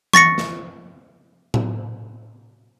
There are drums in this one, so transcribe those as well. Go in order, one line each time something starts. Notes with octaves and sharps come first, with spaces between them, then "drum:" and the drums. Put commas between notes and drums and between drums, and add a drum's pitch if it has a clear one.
C#6 A6 A#6 C#7, drum: tom E3
drum: snare
drum: tom A2